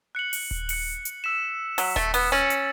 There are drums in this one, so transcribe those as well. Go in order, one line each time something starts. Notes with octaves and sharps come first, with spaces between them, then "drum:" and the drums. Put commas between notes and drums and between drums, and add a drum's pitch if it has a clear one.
F#6 C#7 F#7
drum: open hi-hat
drum: kick D#1
F#6 C#7 F#7, drum: open hi-hat
drum: hi-hat
E6 B6 E7
F#3 E6 B6 E7, drum: open hi-hat
A3, drum: kick D#1
B3, drum: open hi-hat
C#4 E6 A6 C#7 F#7
drum: hi-hat